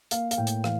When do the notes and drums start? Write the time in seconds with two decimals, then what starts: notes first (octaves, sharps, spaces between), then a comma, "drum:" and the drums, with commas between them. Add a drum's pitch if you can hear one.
0.11 A#3 F5, drum: hi-hat
0.31 F5, drum: hi-hat
0.38 A2 G5
0.47 drum: hi-hat
0.64 E3 F5, drum: rim click